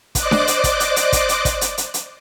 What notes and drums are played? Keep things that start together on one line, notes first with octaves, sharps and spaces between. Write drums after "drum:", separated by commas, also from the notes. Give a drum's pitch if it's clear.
C5 D5 D#5 D6 F#6, drum: kick, hi-hat
drum: snare D4
drum: hi-hat
drum: kick, hi-hat
drum: hi-hat
drum: hi-hat
drum: kick, hi-hat
drum: hi-hat
drum: kick, hi-hat
drum: hi-hat
drum: hi-hat
drum: hi-hat